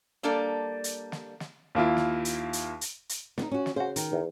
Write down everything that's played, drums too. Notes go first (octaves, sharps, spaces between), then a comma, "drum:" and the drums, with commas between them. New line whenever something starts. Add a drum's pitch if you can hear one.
G3 A#3 D4 A4 D5
drum: hi-hat
drum: snare
drum: snare
D#2 A#3 E4 F4
drum: snare
drum: hi-hat
drum: hi-hat
drum: hi-hat
drum: hi-hat
B3 D#4, drum: snare
C#4 F#4
drum: snare
C#3 F#4 C5
D#3, drum: hi-hat
E2